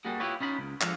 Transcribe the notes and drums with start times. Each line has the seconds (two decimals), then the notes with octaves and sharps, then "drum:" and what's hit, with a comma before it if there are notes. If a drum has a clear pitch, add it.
0.05 G3 A#3 D4 F#4 G#4
0.20 E4 F4 G4 B4 C#5 D#5
0.40 C#4 D#4 F4 B5
0.59 C#2
0.81 F3 G#3 D4 A4 F5, drum: clap